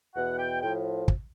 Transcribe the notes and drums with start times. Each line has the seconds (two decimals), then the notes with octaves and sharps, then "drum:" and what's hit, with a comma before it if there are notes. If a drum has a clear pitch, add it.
0.15 E2 B2 F#5
0.38 G5
0.61 A2 F3 G5
1.08 drum: kick